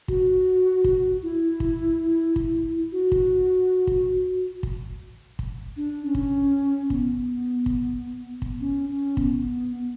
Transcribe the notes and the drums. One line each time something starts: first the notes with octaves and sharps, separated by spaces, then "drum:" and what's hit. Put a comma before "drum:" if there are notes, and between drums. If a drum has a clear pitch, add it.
F#4, drum: kick
drum: kick
E4
drum: kick
drum: kick
F#4
drum: kick
drum: kick
drum: kick
drum: kick
D4
C#4
drum: kick
B3, drum: kick
drum: kick
drum: kick
C#4
C#4
B3, drum: kick